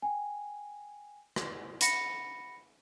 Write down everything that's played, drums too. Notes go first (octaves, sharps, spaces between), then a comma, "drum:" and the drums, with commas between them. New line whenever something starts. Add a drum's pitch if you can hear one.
G5 G#5
drum: rim click
F#5 B5 A#6 C#7, drum: hi-hat